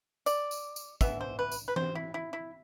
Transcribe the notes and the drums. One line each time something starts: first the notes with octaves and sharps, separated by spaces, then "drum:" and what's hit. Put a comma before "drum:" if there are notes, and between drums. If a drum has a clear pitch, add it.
D5, drum: tambourine
drum: tambourine
drum: tambourine
E3 B3 E5, drum: kick, tambourine
C5
B4
drum: tambourine
B4
C5, drum: tom E3
E4
E4
E4